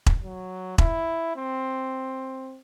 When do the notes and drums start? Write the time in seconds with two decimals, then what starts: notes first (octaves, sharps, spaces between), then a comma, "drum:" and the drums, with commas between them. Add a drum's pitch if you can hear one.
0.06 drum: kick E1
0.24 F#3
0.78 E4, drum: kick E1
1.36 C4